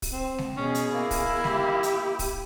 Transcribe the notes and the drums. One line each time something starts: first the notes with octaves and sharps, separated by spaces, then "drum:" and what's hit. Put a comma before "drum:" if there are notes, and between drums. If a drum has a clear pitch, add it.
drum: kick, open hi-hat
C4
drum: snare G#3
B2 C#4 G#4
drum: hi-hat
A#3 E4
drum: kick, open hi-hat
G4, drum: snare G#3
drum: hi-hat
drum: kick, open hi-hat